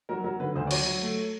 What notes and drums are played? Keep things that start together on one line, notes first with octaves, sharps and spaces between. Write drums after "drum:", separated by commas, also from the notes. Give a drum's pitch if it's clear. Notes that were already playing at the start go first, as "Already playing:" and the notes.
F#3 A#4
F#3 A#4
D3 B4
D2 C5
D5
F#3 C#5, drum: cymbal
F#3
A3